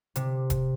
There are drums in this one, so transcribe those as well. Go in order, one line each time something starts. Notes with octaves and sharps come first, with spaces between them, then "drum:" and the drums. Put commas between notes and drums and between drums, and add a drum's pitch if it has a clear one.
C3, drum: hi-hat
drum: kick E1, hi-hat